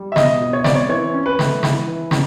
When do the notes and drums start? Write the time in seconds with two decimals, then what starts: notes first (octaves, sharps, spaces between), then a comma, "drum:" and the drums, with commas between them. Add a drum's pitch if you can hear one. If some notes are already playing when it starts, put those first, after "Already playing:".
Already playing: G3
0.12 E5
0.16 B2 D#5, drum: snare
0.40 B2
0.53 C#5
0.64 C4 D5, drum: snare
0.76 C#5
0.89 E3 C#5
1.14 C#4
1.26 B4
1.39 A3, drum: snare
1.63 E3, drum: snare
1.86 E3
2.11 C#4, drum: snare